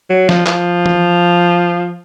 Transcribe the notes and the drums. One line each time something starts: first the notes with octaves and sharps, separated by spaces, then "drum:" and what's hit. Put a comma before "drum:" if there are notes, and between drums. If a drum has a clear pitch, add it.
F#3
F3, drum: snare
F3, drum: clap
drum: tom E3